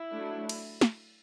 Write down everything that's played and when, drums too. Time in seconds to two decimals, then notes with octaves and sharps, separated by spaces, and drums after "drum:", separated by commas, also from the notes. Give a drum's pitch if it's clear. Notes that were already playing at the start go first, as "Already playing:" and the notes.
Already playing: E4
0.12 F#3 A3 D4
0.49 drum: cymbal
0.81 drum: snare